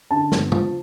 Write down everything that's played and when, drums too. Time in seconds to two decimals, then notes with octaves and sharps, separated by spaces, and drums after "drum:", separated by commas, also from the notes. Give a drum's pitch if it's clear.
0.11 D3 A5
0.32 G1, drum: snare
0.52 F3, drum: tom